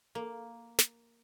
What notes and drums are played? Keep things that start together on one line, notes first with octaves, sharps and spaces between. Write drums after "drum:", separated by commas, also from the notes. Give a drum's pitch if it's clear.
A#3
drum: snare